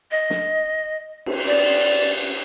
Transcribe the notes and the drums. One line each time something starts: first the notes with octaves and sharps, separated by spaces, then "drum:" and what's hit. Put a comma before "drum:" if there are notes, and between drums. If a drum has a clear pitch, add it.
D#5
drum: snare
drum: cymbal
D5